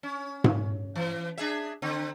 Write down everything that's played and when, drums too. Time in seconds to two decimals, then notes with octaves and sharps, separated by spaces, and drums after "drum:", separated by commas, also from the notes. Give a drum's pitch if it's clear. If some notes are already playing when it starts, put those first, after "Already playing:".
0.03 C#4
0.44 drum: tom G#2
0.96 E3
1.37 D4 G#4 E5
1.82 D3 C4